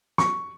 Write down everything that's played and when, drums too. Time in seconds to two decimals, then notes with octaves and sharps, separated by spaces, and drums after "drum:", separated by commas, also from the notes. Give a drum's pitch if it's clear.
0.18 C#6, drum: snare